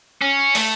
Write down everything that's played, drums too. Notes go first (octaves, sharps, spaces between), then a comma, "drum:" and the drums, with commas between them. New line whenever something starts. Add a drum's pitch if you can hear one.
C#4
A3, drum: open hi-hat